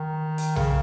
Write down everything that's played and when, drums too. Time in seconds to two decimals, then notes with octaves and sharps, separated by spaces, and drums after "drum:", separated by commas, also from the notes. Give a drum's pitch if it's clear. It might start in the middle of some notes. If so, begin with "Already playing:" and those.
Already playing: D#3
0.38 drum: hi-hat
0.56 C#3, drum: tom B1